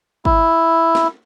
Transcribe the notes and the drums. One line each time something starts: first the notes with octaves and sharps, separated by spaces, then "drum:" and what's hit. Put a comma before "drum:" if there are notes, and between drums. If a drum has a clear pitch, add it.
E4, drum: kick
drum: snare